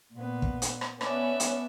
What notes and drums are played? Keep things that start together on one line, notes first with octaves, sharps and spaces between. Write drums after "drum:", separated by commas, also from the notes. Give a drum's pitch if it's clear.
A#2 B3
drum: kick
drum: hi-hat
drum: rim click
B3 C#4 D5 E5 A5, drum: rim click
drum: hi-hat